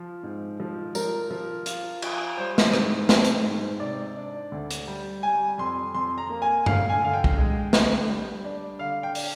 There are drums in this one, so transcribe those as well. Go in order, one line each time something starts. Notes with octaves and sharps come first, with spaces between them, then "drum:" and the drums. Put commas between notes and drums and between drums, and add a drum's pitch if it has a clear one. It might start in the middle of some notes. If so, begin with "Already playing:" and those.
Already playing: F3
G#2
F3
F3 A#4, drum: tambourine
F3
F4, drum: hi-hat
F4, drum: cymbal
G3 C5
drum: snare
G#2, drum: rim click
C4, drum: snare
drum: hi-hat
G#2
C3 D5
D4
D2
drum: hi-hat
G3
G3 G#5
F2 C6
F2 C6
A#5
A#3
G#5
D3 F5, drum: tom G2
G#5
D3 F5
G5
drum: kick
G#3
D3, drum: snare
G3
D4
D3 F5
G5
D4, drum: open hi-hat